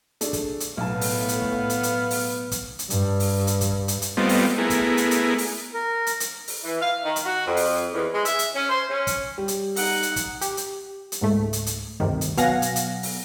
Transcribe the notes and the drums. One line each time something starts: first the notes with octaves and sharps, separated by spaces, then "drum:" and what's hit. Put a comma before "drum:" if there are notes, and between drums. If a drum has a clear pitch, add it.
A3 D4 G#4, drum: hi-hat
drum: kick, hi-hat
drum: hi-hat
B1 A2 A3 B3 F5 A5
drum: open hi-hat
drum: hi-hat
drum: kick
drum: hi-hat
drum: hi-hat
drum: open hi-hat
drum: kick, hi-hat
drum: hi-hat
G2, drum: hi-hat
drum: open hi-hat
drum: hi-hat
drum: kick, hi-hat
drum: hi-hat
drum: hi-hat
G3 A3 B3 C4 F4 D#5
drum: open hi-hat
A3 B3 E4 G#4 A#4
drum: kick, hi-hat
drum: hi-hat
drum: hi-hat
drum: open hi-hat
A#4
drum: hi-hat
drum: hi-hat
drum: open hi-hat
E3
F5
D#3
drum: hi-hat
F#4
F2
drum: open hi-hat
E2
G#3
E5, drum: hi-hat
drum: hi-hat
C#4
C5
C#4
drum: kick, hi-hat
G3
drum: hi-hat
D#4 F#5, drum: open hi-hat
drum: hi-hat
drum: kick, hi-hat
G4, drum: hi-hat
drum: hi-hat
drum: hi-hat
C#2 G#2 A3
drum: hi-hat
drum: hi-hat
D2 G2 C3 D#3
drum: hi-hat
B2 F#3 F5 F#5 G#5 A#6, drum: kick, hi-hat
drum: hi-hat
drum: hi-hat
drum: open hi-hat